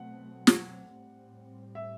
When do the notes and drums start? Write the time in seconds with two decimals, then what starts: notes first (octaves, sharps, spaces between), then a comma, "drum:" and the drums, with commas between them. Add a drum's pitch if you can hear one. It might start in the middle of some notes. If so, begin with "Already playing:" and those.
Already playing: B2 F#3 A3 C4 F#5
0.47 drum: snare
0.93 A2 G3 C4
1.75 E5